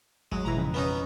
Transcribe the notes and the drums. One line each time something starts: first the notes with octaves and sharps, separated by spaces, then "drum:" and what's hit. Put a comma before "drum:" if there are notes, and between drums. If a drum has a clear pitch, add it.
F#3 G#3, drum: kick G#1
B2 E3 A#5
F2 C#3 B4 C7
B3 C#4 D#4